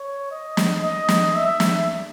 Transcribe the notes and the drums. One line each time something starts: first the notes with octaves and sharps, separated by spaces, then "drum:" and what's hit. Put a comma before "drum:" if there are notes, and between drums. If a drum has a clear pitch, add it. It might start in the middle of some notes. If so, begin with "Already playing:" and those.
Already playing: C#5
D#5
drum: snare
D#5
drum: snare
E5
drum: snare